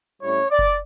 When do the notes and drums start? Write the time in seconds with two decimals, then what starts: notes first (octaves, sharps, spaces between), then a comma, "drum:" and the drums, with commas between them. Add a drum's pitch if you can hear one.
0.20 A2 G3 C#4 E4 C#5
0.49 D5
0.59 drum: kick F#1